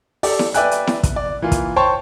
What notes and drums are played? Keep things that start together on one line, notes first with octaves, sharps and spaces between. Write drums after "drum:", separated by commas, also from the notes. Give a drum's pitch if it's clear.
G4 A4 D5, drum: open hi-hat
drum: snare E4
B4 D5 E5 G5 G#5 F#6, drum: hi-hat
drum: hi-hat
drum: snare E4
drum: kick, hi-hat
D5
E3 A#3 F4
drum: kick, hi-hat
C5 C#5 G5 A5 C6 C#6